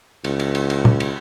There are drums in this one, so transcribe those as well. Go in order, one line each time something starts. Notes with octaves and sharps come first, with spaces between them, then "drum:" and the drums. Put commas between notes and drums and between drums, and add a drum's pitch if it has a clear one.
C#2, drum: cymbal
drum: cymbal
drum: cymbal
drum: cymbal
drum: tom A#2
drum: cymbal